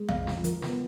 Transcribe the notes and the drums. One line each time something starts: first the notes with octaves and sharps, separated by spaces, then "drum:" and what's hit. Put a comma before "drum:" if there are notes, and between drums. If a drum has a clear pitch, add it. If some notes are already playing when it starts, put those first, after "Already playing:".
Already playing: G#3
F2 F5, drum: tom A#1
F3, drum: snare
F3 A#4, drum: hi-hat
B3, drum: snare